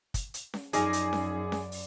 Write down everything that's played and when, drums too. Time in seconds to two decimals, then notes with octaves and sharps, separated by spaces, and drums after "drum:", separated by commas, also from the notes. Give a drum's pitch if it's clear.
0.14 drum: kick, hi-hat
0.34 drum: hi-hat
0.54 drum: snare C#4
0.73 F#2 F3 D#4 G#4 D5 G#5, drum: hi-hat
0.93 drum: hi-hat
1.13 drum: snare C#4
1.52 drum: snare C#4
1.72 drum: open hi-hat